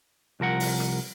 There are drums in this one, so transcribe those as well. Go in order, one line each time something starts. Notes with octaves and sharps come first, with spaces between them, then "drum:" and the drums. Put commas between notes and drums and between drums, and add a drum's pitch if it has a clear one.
C2 F3 A#4 F#5
drum: open hi-hat
drum: rim click